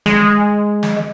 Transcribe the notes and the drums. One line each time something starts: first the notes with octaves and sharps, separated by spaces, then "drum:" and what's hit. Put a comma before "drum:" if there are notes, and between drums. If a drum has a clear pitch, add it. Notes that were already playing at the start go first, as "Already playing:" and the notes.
G#3, drum: snare
drum: snare